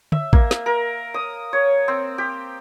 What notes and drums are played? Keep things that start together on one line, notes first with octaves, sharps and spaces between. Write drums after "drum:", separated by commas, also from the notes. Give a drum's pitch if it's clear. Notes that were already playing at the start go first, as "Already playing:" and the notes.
E5, drum: tom
A#3, drum: kick A1
drum: snare
A#4
D#6
C#5
C4
G4